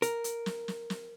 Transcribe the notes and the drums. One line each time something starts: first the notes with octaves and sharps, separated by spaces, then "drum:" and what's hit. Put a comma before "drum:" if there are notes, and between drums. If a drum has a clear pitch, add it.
A#4, drum: hi-hat
drum: hi-hat
drum: snare
drum: snare
drum: snare